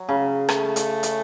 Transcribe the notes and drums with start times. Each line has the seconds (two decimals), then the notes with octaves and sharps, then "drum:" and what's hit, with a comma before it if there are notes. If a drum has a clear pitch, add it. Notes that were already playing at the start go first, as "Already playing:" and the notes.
Already playing: F#3
0.09 C#3
0.49 A3, drum: rim click
0.76 drum: hi-hat
1.03 drum: hi-hat